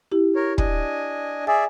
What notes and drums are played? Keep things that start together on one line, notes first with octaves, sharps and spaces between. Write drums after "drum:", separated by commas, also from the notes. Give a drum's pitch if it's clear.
E4 G4
A#4 C#5
D4 D#5 G#5, drum: kick
G#4 D5 E5 G#5